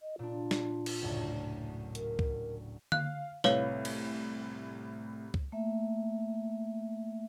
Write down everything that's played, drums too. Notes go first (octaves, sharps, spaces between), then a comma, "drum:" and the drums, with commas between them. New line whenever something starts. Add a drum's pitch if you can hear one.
D#5
A#2 D4 F4
drum: snare
drum: cymbal
F#1 D2 A2
A#4, drum: hi-hat
drum: kick C#2
F5 F#6, drum: tom D3
C2 A2 B4 C#5 F5, drum: snare
drum: cymbal
drum: kick C#2
A3 A#3 E5